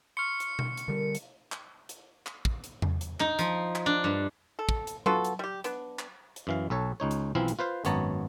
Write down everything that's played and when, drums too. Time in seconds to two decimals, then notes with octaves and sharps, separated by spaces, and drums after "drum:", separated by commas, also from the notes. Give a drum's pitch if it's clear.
0.17 C6 C#6 F6 C#7
0.40 drum: hi-hat
0.59 drum: tom B2
0.77 drum: hi-hat
0.88 D3 G3 A#4
1.15 drum: hi-hat
1.52 drum: clap
1.89 drum: hi-hat
2.26 drum: clap
2.45 drum: kick
2.64 drum: hi-hat
2.82 drum: tom E2
3.01 drum: hi-hat
3.20 D#4, drum: clap
3.39 F3, drum: hi-hat
3.75 drum: clap
3.86 D4
4.04 G2
4.59 A4
4.69 drum: kick
4.87 drum: hi-hat
5.06 B3 F4 F#4 A4, drum: tom F#3
5.24 drum: hi-hat
5.39 G3 G4
5.64 B3 D4, drum: hi-hat
5.99 drum: clap
6.36 drum: hi-hat
6.47 F#2 E3 F5
6.70 B1 A4 C#5
7.00 C#2 D#4 C#5
7.11 drum: hi-hat
7.35 B1 E3 F3 C4 E4 F5
7.48 drum: hi-hat
7.59 F4 B4 C5 F5
7.85 G#1 F#2 B3 C#5 A5 A#5, drum: hi-hat